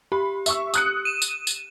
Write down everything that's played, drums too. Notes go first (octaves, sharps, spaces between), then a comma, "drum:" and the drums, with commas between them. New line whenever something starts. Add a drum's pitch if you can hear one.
G4 B5
E5 C#6 E6, drum: tambourine
D#6 F#6 C#7, drum: tambourine
D#7 E7
drum: tambourine
drum: tambourine